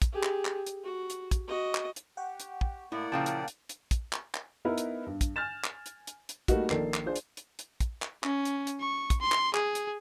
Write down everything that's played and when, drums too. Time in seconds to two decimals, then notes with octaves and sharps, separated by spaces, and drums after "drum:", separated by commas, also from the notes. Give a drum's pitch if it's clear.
0.02 drum: kick, hi-hat
0.13 G4 G#4
0.23 drum: clap
0.45 drum: clap
0.67 drum: hi-hat
0.84 F#4
1.10 drum: hi-hat
1.31 drum: kick, hi-hat
1.48 F#4 D#5
1.75 drum: clap
1.96 drum: hi-hat
2.17 G4 F#5 G5 C#6
2.40 drum: hi-hat
2.61 drum: kick
2.92 A2 A#3 E4 D5 F#5
3.12 A#2 C#3 F3 F5 G5 A5
3.26 drum: hi-hat
3.48 drum: hi-hat
3.69 drum: hi-hat
3.91 drum: kick, hi-hat
4.13 drum: clap
4.34 drum: clap
4.65 B3 D#4 E4 A#4 B4
4.78 drum: hi-hat
5.06 G2
5.21 drum: kick, hi-hat
5.36 G#5 F6 G6 A6 E7
5.64 drum: clap
5.86 drum: hi-hat
6.07 drum: hi-hat
6.29 drum: hi-hat
6.48 G3 A3 A#3 D#4 F#4, drum: kick, hi-hat
6.70 A#1 D#3 A#3 A4 D5 C7, drum: clap
6.94 drum: clap
7.06 D4 F4 G#4 C5
7.16 drum: hi-hat
7.37 drum: hi-hat
7.59 drum: hi-hat
7.80 drum: kick, hi-hat
8.02 drum: clap
8.24 C#4, drum: clap
8.45 drum: hi-hat
8.67 drum: hi-hat
8.80 C#6
9.10 drum: kick, hi-hat
9.21 C6
9.32 drum: clap
9.54 G#4, drum: clap
9.75 drum: hi-hat